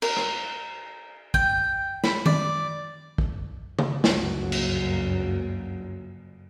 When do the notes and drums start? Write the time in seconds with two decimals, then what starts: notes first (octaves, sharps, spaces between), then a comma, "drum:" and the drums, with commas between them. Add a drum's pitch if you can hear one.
0.02 A#4, drum: cymbal
0.17 drum: rim click
1.34 G5, drum: kick
2.04 B5, drum: snare
2.26 D5, drum: tom D#3
3.18 drum: kick
3.79 drum: tom C#3
4.04 G1 C#2 F#2 F#3 A#3, drum: snare
4.52 drum: cymbal